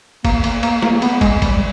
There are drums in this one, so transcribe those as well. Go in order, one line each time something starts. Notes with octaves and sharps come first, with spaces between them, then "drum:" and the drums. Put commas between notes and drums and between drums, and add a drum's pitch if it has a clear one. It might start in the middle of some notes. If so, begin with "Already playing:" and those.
A#3, drum: kick, cymbal
A#3, drum: cymbal
A#3, drum: cymbal
A#3, drum: snare
B3, drum: cymbal
G#3, drum: kick, cymbal
G3, drum: kick, cymbal